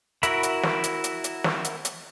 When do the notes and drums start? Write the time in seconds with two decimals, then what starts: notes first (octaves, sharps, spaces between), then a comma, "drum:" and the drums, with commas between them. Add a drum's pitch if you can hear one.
0.23 E4 F#4 A#4 E5 B5, drum: hi-hat
0.43 drum: hi-hat
0.63 drum: snare
0.84 drum: hi-hat
1.04 drum: hi-hat
1.24 drum: hi-hat
1.44 drum: snare
1.65 drum: hi-hat
1.85 drum: hi-hat